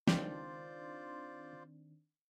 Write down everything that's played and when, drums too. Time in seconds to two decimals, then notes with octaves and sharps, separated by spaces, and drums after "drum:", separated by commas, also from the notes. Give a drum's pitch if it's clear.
0.08 C#2 D#3 C4 D4 F4 G4 C5 D5, drum: snare